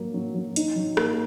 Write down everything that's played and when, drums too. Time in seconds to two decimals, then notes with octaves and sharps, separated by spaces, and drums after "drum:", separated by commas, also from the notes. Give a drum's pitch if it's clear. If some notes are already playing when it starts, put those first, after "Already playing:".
Already playing: F#3 A#3
0.14 F#3
0.35 F#3
0.56 D#4, drum: hi-hat
0.76 F#3
0.97 A#3, drum: rim click